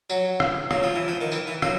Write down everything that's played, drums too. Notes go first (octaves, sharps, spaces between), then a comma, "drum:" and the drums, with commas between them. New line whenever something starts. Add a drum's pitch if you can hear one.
F#3, drum: tambourine
drum: rim click
F#3, drum: rim click
F3
E3
F3
D#3
E3, drum: tambourine
E3
F#3, drum: rim click